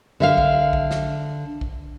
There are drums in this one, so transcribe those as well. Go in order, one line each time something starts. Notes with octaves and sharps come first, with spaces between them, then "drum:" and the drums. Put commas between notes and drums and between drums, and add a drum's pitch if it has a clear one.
D3 E5 F5
drum: kick
drum: kick
drum: snare
drum: kick